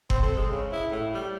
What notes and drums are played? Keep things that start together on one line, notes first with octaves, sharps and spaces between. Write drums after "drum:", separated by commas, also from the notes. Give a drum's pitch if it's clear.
C4, drum: kick F#1
A4
G#3
C#3
E4
A2
G3